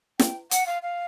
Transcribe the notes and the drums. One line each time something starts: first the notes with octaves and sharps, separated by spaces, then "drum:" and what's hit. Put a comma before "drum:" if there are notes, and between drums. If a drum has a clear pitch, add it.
G5, drum: snare
F#5, drum: hi-hat
F5
F5